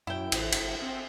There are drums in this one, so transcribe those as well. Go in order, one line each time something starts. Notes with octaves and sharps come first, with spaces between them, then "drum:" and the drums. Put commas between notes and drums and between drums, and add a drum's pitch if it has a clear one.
F#2 E4 G5
A1, drum: cymbal
G1, drum: cymbal
C4